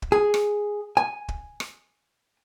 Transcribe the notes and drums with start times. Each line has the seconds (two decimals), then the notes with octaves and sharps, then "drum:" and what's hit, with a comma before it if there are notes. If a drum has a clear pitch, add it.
0.02 drum: kick
0.12 G#4
0.34 drum: rim click
0.97 G#5
1.28 drum: kick
1.60 drum: rim click